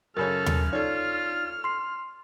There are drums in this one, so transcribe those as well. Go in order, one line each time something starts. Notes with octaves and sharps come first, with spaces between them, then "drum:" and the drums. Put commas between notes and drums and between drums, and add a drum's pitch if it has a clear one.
F#2 C#3 C#4 A4 A#4 F6
drum: tom D#2
D#4 F4 A4 C#5 D5
C6 C7